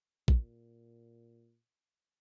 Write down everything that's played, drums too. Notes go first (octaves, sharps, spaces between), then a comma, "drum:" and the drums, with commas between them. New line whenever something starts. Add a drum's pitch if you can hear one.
A#2, drum: kick